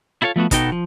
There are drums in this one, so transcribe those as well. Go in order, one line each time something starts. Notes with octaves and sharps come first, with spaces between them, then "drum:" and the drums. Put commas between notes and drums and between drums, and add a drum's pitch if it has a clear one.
E4 F4 A4 C#5 F5
F3 A3 B3 F#4
B2 B3 D#4 F#4 A4 G5, drum: kick, hi-hat
F3